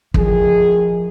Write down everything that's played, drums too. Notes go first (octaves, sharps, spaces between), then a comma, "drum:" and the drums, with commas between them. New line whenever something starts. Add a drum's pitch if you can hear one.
A2 D#3 F3 G#4, drum: kick